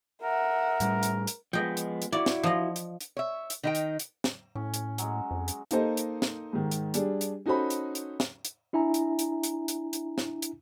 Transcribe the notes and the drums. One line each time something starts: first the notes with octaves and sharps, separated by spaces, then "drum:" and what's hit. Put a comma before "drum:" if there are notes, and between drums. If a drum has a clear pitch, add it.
A#4 E5 F#5
A2 G3, drum: hi-hat
drum: hi-hat
drum: hi-hat
F3 G#3 B3 D#5 G5
drum: hi-hat
drum: hi-hat
E4 F#4 D5
drum: snare
F3 D#5
drum: hi-hat
drum: hi-hat
C#5 E5
drum: hi-hat
D#3 D#4 G5
drum: hi-hat
drum: hi-hat
drum: snare
A2 C#4
drum: hi-hat
F#3 G#3, drum: hi-hat
F2
drum: hi-hat
A#3 D#4 A4 C5 D#5, drum: hi-hat
drum: hi-hat
drum: snare
G#2 D#3
drum: hi-hat
G3 D4 G#4, drum: hi-hat
drum: hi-hat
C#4 D#4 F#4 A4 C5 B5
drum: hi-hat
drum: hi-hat
drum: snare
drum: hi-hat
D4 E4 E5 G#5 A#5
drum: hi-hat
drum: hi-hat
drum: hi-hat
drum: hi-hat
drum: hi-hat
drum: snare
drum: hi-hat